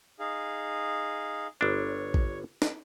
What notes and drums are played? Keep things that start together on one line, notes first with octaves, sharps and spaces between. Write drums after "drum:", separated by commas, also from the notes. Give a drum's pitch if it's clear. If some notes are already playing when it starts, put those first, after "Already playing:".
D#4 G#4 F5
G1 D4 C#5
drum: kick
drum: snare